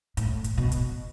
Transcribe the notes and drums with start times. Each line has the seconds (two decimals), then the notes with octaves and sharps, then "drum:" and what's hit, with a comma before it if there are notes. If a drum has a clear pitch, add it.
0.17 A2, drum: hi-hat
0.44 drum: kick, hi-hat
0.58 B2
0.72 drum: kick, hi-hat